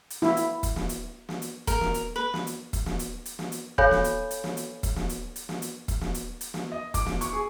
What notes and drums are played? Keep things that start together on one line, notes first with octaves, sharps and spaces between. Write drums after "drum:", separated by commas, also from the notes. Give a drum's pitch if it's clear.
drum: hi-hat
E4, drum: snare
drum: hi-hat
drum: kick, hi-hat
drum: snare
drum: hi-hat
drum: snare
drum: hi-hat
A#4, drum: kick, hi-hat
drum: snare
drum: hi-hat
B4
drum: snare
drum: hi-hat
drum: kick, hi-hat
drum: snare
drum: hi-hat
drum: hi-hat
drum: snare
drum: hi-hat
A4 C#5 F5 G#5 B5 G6, drum: kick
drum: snare
drum: hi-hat
drum: hi-hat
drum: snare
drum: hi-hat
drum: kick, hi-hat
drum: snare
drum: hi-hat
drum: hi-hat
drum: snare
drum: hi-hat
drum: kick, hi-hat
drum: snare
drum: hi-hat
drum: hi-hat
drum: snare
D#5
D6, drum: kick, hi-hat
drum: snare
C#6, drum: hi-hat
G#4